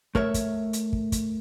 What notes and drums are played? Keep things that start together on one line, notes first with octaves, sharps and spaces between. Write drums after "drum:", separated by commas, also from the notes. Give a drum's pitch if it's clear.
A3 A#4 C#5 E5, drum: kick
drum: kick, hi-hat
drum: hi-hat
drum: kick
drum: kick, hi-hat